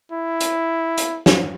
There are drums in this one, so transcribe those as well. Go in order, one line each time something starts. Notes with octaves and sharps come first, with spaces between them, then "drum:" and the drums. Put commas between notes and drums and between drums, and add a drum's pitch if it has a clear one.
E4
drum: hi-hat
drum: hi-hat
drum: snare